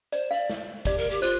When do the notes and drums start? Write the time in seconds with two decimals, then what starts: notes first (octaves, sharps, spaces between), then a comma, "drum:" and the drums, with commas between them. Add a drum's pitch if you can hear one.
0.12 C5 D5, drum: hi-hat
0.31 D5 F5
0.50 drum: snare
0.85 G4 D5, drum: kick, hi-hat
0.98 A#4
1.10 G4
1.22 F4 C5, drum: hi-hat